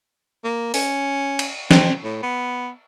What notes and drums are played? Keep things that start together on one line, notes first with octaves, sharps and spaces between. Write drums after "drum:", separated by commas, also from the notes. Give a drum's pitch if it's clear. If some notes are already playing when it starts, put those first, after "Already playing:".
A#3
C#4, drum: open hi-hat
drum: cymbal
C4, drum: snare
A2
B3